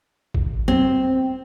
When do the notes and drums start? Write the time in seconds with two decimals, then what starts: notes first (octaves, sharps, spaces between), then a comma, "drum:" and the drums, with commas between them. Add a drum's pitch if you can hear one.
0.34 drum: kick A1
0.68 C4